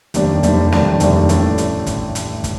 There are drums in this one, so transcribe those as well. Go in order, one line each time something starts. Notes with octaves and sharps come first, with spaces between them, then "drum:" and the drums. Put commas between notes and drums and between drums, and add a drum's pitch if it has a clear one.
F1 D#2 D#3 G3 D4, drum: hi-hat
F1 D#2 D#3 G3 D4, drum: hi-hat
F1 D#2 D#3 G3 D4, drum: snare
F1 D#2 D#3 G3 D4, drum: hi-hat
A1 A2 A3 D4, drum: hi-hat
drum: hi-hat
drum: kick, hi-hat
drum: hi-hat
drum: kick, hi-hat